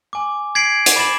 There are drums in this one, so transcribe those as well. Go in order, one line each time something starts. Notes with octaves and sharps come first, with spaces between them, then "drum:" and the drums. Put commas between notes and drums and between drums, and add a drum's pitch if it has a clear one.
G#5 D6
G#6 B6 C7 D7 F#7
drum: hi-hat
B5 D6 A6 E7 F#7